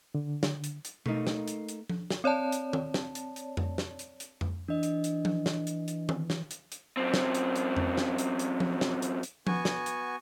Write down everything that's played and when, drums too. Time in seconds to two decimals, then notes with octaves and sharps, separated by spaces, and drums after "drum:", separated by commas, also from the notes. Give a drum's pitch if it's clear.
0.15 D3
0.43 drum: snare
0.64 drum: hi-hat
0.85 drum: hi-hat
1.06 A3 A#3 D#4, drum: tom B2
1.27 drum: snare
1.48 drum: hi-hat
1.69 drum: hi-hat
1.89 drum: tom F3
2.10 drum: snare
2.24 C4 C#5 D5 A5
2.52 drum: hi-hat
2.73 drum: tom D#3
2.94 drum: snare
3.15 drum: hi-hat
3.36 drum: hi-hat
3.57 drum: tom F2
3.78 drum: snare
3.99 drum: hi-hat
4.20 drum: hi-hat
4.41 drum: tom F2
4.68 E3 D4 D#5
4.83 drum: hi-hat
5.04 drum: hi-hat
5.25 drum: tom F3
5.46 drum: snare
5.67 drum: hi-hat
5.88 drum: hi-hat
6.09 drum: tom D#3
6.30 drum: snare
6.51 drum: hi-hat
6.72 drum: hi-hat
6.97 F#2 C4
7.14 drum: snare
7.35 drum: hi-hat
7.56 drum: hi-hat
7.76 drum: tom F2
7.97 drum: snare
8.18 drum: hi-hat
8.39 drum: hi-hat
8.60 drum: tom F3
8.81 drum: snare
9.02 drum: hi-hat
9.23 drum: hi-hat
9.47 B3 F#4 G#5 C#6, drum: tom F3
9.65 drum: snare
9.86 drum: hi-hat